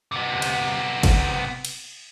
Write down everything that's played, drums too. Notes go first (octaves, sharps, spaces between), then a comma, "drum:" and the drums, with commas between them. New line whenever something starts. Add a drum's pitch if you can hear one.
C3 B3
drum: cymbal
drum: kick G1, cymbal
drum: cymbal